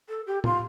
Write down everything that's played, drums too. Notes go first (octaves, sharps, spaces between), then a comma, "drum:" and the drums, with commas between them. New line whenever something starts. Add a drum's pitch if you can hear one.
A4
G4
F4, drum: tom A2